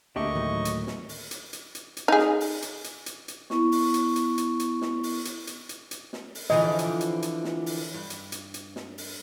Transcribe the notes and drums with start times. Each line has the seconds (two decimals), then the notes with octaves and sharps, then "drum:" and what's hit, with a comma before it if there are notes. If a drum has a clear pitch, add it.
0.16 D2 A#3 D4 G4 D#5 E5 C#6
0.35 A2 D#3 F#3
0.65 drum: hi-hat
0.87 drum: snare
1.09 drum: open hi-hat
1.31 drum: hi-hat
1.53 drum: hi-hat
1.75 drum: hi-hat
1.97 drum: hi-hat
2.08 D#4 G#4
2.19 drum: snare
2.40 drum: open hi-hat
2.62 drum: hi-hat
2.84 drum: hi-hat
3.06 drum: hi-hat
3.28 drum: hi-hat
3.50 B3 E4 C#6, drum: snare
3.72 drum: open hi-hat
3.94 drum: hi-hat
4.16 drum: hi-hat
4.38 drum: hi-hat
4.60 drum: hi-hat
4.81 drum: snare
5.03 drum: open hi-hat
5.25 drum: hi-hat
5.47 drum: hi-hat
5.69 drum: hi-hat
5.91 drum: hi-hat
6.13 drum: snare
6.35 drum: open hi-hat
6.50 D3 E3 F3 D#5
6.79 drum: hi-hat
7.01 drum: hi-hat
7.22 drum: hi-hat
7.44 drum: snare
7.66 drum: open hi-hat
7.94 G2
8.10 drum: hi-hat
8.32 drum: hi-hat
8.54 drum: hi-hat
8.76 drum: snare
8.98 drum: open hi-hat